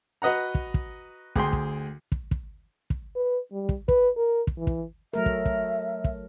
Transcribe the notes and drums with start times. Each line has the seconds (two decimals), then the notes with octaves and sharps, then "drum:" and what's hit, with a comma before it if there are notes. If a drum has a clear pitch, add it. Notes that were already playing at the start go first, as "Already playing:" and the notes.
0.22 F#4 B4 D#5 F#5 A#5
0.55 drum: kick
0.74 drum: kick
1.36 D2 G#4 G5 C6, drum: kick
1.53 drum: kick
2.12 drum: kick
2.31 drum: kick
2.90 drum: kick
3.16 B4
3.52 G3
3.69 drum: kick
3.88 B4, drum: kick
4.17 A#4
4.47 drum: kick
4.58 E3
4.67 drum: kick
5.13 F#3 A3 A#4 E5
5.26 drum: kick
5.45 drum: kick
6.04 drum: kick